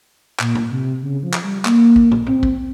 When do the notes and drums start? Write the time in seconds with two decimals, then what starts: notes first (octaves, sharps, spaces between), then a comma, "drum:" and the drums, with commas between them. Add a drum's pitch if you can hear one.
0.39 A#2, drum: clap
0.55 drum: tom A2
0.71 C3
1.02 C#3
1.23 F3
1.33 drum: clap
1.44 G3
1.65 A#3, drum: clap
1.96 drum: kick
2.12 drum: tom
2.27 C4, drum: tom G#2
2.43 drum: kick